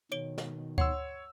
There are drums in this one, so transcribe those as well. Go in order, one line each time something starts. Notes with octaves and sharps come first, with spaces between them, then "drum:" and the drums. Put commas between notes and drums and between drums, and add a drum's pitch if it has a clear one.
B2 D#3 C#5 D7 G7
drum: snare
C#5 F#5 C6 E6, drum: kick D2